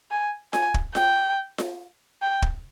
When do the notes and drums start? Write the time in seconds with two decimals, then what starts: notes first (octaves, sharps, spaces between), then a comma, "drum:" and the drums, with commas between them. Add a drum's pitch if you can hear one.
0.11 G#5
0.53 G#5, drum: snare F4
0.74 drum: kick
0.95 G5, drum: snare F4
1.58 drum: snare F4
2.22 G5
2.42 drum: kick